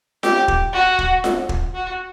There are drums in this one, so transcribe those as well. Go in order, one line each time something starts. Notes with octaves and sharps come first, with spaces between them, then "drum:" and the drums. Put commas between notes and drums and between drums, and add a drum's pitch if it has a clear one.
G4, drum: snare F4
drum: kick
F#4
drum: kick
drum: snare F4
drum: kick
F#4